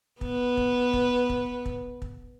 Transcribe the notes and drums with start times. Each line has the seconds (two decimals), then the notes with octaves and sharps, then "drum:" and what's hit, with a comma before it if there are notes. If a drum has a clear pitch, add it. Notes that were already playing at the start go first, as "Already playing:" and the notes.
0.21 B3 B4, drum: kick
0.57 drum: kick
0.93 drum: kick
1.29 drum: kick
1.66 drum: kick
2.02 drum: kick